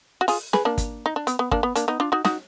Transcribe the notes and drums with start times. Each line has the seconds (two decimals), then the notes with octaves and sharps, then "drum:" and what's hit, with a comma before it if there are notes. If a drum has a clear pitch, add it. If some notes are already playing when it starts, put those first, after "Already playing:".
0.21 F#4
0.28 F4 G#4, drum: open hi-hat
0.53 G#4 B4, drum: snare
0.65 A#3 D4
0.78 drum: kick, hi-hat
1.06 D#4
1.16 D4
1.27 B3, drum: hi-hat
1.39 B3
1.51 A#3 D4, drum: kick
1.63 B3
1.75 A#3 D4, drum: hi-hat
1.88 B3 D#4
2.00 D4 F4
2.12 D#4 F#4
2.25 D#4 F#4, drum: snare